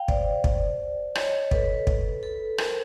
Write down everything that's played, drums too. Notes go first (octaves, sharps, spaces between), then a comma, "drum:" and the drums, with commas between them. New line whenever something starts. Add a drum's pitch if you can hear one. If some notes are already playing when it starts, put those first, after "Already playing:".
Already playing: F5 G5
C5 D5, drum: kick
drum: kick
C#5 D#5, drum: rim click
A4 B4, drum: kick
drum: kick
A4 B4
A#4 C5, drum: rim click